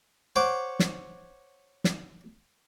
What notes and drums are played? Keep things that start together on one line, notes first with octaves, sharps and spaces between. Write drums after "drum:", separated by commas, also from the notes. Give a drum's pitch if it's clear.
C5 C#5 F#5 D6
drum: snare
drum: snare